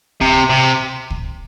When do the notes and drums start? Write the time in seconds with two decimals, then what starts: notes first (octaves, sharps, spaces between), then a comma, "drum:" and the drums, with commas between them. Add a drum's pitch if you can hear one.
0.21 C3, drum: kick C#2
0.50 C3
1.10 drum: kick C#2